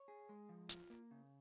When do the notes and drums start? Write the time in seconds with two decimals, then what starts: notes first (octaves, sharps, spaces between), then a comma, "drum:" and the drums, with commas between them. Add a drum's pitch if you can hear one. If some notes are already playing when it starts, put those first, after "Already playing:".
Already playing: C#5
0.08 G#4
0.29 G#3
0.49 F3
0.69 F4, drum: hi-hat
0.90 A#3
1.11 C#3